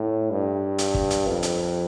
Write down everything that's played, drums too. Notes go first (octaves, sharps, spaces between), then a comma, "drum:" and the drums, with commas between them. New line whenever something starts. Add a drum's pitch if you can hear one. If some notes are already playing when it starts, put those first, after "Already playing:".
Already playing: A2
G2
drum: hi-hat
drum: kick
drum: hi-hat
F2
drum: hi-hat